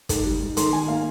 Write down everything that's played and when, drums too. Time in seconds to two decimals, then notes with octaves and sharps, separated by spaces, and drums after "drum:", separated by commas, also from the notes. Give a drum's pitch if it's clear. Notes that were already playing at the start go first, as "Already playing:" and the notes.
0.09 G#2, drum: kick, hi-hat
0.25 G3
0.40 G#2
0.57 D#3 C6, drum: hi-hat
0.72 D#3 G#5
0.88 A#3 F5